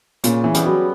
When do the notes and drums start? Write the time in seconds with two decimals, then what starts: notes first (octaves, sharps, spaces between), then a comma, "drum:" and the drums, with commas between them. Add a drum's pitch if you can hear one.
0.24 A#2 C#3, drum: hi-hat
0.44 E3
0.54 G3 B3, drum: hi-hat
0.66 F#3